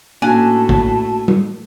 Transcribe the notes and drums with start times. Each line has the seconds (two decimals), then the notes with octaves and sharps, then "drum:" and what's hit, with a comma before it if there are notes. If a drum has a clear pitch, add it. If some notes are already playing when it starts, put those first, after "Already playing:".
0.22 A2 A3 A#3 C#4 D4 F#4 G#5 A5
0.69 drum: kick
1.28 drum: tom